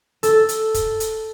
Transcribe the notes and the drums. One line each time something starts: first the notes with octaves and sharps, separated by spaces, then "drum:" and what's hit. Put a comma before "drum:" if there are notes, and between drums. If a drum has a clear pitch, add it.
A4, drum: hi-hat
drum: hi-hat
drum: kick, hi-hat
drum: hi-hat